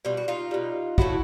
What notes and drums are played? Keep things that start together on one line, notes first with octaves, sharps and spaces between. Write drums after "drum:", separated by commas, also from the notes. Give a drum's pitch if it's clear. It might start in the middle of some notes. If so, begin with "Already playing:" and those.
B2 G3 F4
F#4
D#4 F4
B2 G3
A2 F#3 A3 E4 F#4, drum: kick